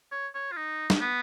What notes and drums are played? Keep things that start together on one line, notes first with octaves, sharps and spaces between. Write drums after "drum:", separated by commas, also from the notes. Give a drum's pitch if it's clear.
C#5
C#5
F4
D#4
drum: snare
B3